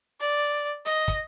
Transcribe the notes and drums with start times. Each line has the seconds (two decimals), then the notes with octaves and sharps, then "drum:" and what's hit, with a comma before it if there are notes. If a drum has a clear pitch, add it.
0.21 D5
0.86 D#5, drum: hi-hat
1.08 drum: kick, hi-hat